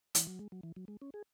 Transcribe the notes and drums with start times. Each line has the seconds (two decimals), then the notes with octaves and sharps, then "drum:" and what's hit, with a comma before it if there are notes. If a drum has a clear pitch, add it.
0.15 E3, drum: hi-hat
0.27 F#3
0.39 G#3
0.52 F#3
0.63 E3
0.76 F#3
0.88 G#3
1.02 C#4
1.14 G#4